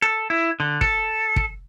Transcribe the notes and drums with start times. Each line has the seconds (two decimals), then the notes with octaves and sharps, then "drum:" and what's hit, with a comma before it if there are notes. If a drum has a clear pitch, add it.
0.02 A4
0.30 E4
0.60 D3
0.81 A4, drum: kick
1.36 drum: kick